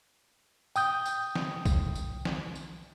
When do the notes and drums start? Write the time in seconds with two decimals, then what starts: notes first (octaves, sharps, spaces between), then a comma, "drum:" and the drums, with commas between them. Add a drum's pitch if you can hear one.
0.76 G5 D#6 G6, drum: tambourine
1.06 drum: tambourine
1.36 drum: snare
1.65 drum: kick B1, tambourine
1.95 drum: tambourine
2.25 drum: snare
2.55 drum: tambourine